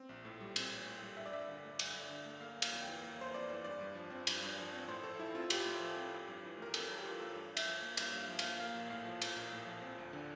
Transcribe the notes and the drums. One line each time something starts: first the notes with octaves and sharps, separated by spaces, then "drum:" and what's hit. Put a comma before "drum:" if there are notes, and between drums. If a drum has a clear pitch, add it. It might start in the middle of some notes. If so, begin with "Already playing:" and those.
Already playing: C4
A#1
A2
G3
C4, drum: cymbal
A#1
A2
G3
G2 E5
D5
G2 E5
D3
A3
G2, drum: cymbal
G2
D3
A3
A#3 F5
G1
F5, drum: cymbal
F2
E3 G5
A#3 F5
G1 C5
F2 D5
E3
G2 D5
G2
F3
C4
G2, drum: cymbal
G2
F3
C4
A2 C5
A2 A4
F3 E4
C4 F4
A2 G4, drum: cymbal
A2
F3
C4
C4
G2
E3
A3 A#4
C4 A4, drum: cymbal
G2 A4
G4
E3 F4
A3 A4
G2
G2
E5, drum: cymbal
F3
A#3
G2 F5, drum: cymbal
G2
F5
F3
A#3 F5, drum: cymbal
A#3 F5
A#1
A2 F5
F3
A#3, drum: cymbal
A#1
A2
F3
C4
D2
D3